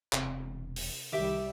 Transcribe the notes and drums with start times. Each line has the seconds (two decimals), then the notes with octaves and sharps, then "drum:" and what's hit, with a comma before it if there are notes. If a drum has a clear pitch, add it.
0.13 E1 C3 C4, drum: clap
0.76 drum: open hi-hat
1.12 C2 D#3 G3 G4 E5 D6